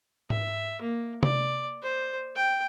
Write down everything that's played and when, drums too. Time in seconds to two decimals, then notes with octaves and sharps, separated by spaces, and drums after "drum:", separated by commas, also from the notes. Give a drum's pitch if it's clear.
0.30 E5, drum: tom G#2
0.81 A#3
1.23 D5, drum: tom C3
1.83 C5
2.36 G5